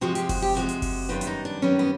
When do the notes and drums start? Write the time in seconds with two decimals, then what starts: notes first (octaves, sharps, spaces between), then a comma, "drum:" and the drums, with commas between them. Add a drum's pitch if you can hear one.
0.01 C3 F3 G#3 F#4
0.15 G4, drum: hi-hat
0.29 F#4, drum: kick F#1, open hi-hat
0.42 G4
0.55 C3 F3 G#3 F#4
0.69 drum: hi-hat
0.82 drum: kick F#1, open hi-hat
1.09 F#2 D#3 G3 B3 F4
1.21 E4, drum: hi-hat
1.27 D#4
1.45 D4
1.62 F#2 D#3 G3 B3 C#4
1.79 B3